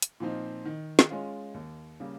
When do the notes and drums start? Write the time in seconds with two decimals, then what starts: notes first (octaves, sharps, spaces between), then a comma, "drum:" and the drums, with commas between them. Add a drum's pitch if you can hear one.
0.02 drum: hi-hat
0.20 A#2 F3 C4 D#4
0.65 D#3
0.99 drum: snare
1.10 G#3 C#4 F4
1.54 D#2
2.00 C#3 G3 A#3